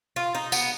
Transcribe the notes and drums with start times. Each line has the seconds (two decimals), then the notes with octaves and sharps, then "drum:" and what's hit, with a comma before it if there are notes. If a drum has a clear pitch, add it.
0.16 F4
0.35 D#4
0.52 B3, drum: tambourine